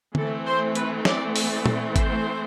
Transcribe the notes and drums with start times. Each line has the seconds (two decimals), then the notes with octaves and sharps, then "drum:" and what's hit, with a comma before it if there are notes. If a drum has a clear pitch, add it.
0.15 E3 A3 C4 A4, drum: tom
0.45 C5
0.75 B4, drum: hi-hat
1.05 D5, drum: snare
1.36 drum: open hi-hat
1.51 D5
1.66 drum: tom
1.96 C5, drum: kick G#1, hi-hat